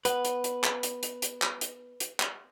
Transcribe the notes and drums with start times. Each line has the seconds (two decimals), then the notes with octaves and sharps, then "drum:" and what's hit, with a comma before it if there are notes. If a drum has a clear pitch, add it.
0.05 B3 B4, drum: hi-hat
0.25 drum: hi-hat
0.44 drum: hi-hat
0.64 drum: clap
0.83 drum: hi-hat
1.03 drum: hi-hat
1.22 drum: hi-hat
1.42 drum: clap
1.61 drum: hi-hat
2.00 drum: hi-hat
2.20 drum: clap